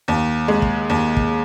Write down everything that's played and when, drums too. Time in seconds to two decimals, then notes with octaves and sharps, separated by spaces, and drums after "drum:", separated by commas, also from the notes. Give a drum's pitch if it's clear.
0.08 D#2
0.48 G#3
0.62 drum: kick
0.89 D#2
1.17 drum: kick